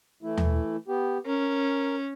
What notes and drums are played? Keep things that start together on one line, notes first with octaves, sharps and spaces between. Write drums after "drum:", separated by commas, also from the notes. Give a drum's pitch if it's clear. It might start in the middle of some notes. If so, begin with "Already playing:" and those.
E3 A3 E4
drum: tom D#2
B3 G4
C#4 A#4